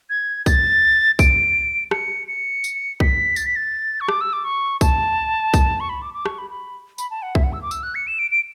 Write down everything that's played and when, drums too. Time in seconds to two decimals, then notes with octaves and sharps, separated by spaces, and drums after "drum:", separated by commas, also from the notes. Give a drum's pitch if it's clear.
0.10 G#6
0.46 A6, drum: kick B1, tambourine
1.19 D7, drum: kick B1, tambourine
1.91 C#7, drum: rim click
2.28 C#7
2.64 drum: tambourine
3.00 B6, drum: kick B1
3.36 A6, drum: tambourine
3.46 B6
3.56 A6
4.01 C#6
4.08 D6, drum: rim click
4.21 E6
4.33 D6
4.44 C#6
4.81 A5, drum: kick B1, tambourine
5.54 drum: kick B1, tambourine
5.80 C#6
5.89 B5
6.02 D6
6.14 D6
6.26 C#6, drum: rim click
6.38 B5
6.50 B5
6.98 B5, drum: tambourine
7.11 A5
7.22 F#5
7.35 E5, drum: kick B1
7.44 F#5
7.53 E6
7.62 D6
7.71 E6, drum: tambourine
7.83 F#6
7.95 C#7
8.07 E7
8.19 D7
8.31 D7